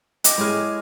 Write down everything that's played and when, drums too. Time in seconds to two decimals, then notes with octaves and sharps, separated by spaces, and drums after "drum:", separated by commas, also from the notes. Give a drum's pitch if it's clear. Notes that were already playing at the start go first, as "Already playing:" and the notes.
0.24 D#5 G5 G#5 D6 A#6, drum: hi-hat
0.38 G#3 E4 G#4 C#5 F6